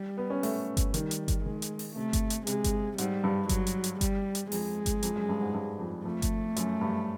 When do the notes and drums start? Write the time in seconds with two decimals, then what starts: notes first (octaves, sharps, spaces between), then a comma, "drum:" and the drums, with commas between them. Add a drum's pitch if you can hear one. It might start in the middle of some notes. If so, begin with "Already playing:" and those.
Already playing: G3
0.17 B3
0.30 C#4
0.43 A3, drum: open hi-hat
0.77 drum: kick G1, hi-hat
0.94 D#3 G3, drum: hi-hat
1.11 drum: hi-hat
1.28 drum: kick G1, hi-hat
1.45 D#3 G#3
1.62 drum: hi-hat
1.79 drum: open hi-hat
1.96 C3 A3
2.13 drum: kick G1, hi-hat
2.30 drum: hi-hat
2.47 C3 G#3, drum: hi-hat
2.64 drum: kick G1, hi-hat
2.98 G#2 G3, drum: hi-hat
3.24 G2
3.49 F#3, drum: kick G1, hi-hat
3.67 drum: hi-hat
3.84 drum: hi-hat
4.01 G3, drum: kick G1, hi-hat
4.35 drum: hi-hat
4.52 F2 G#3, drum: open hi-hat
4.86 drum: kick G1, hi-hat
5.03 F2, drum: hi-hat
5.16 F#2
5.29 G2
5.41 G#2
5.54 G2
5.79 F2
6.05 F2 A3
6.22 drum: kick G1, hi-hat
6.56 F#2, drum: hi-hat
6.81 G2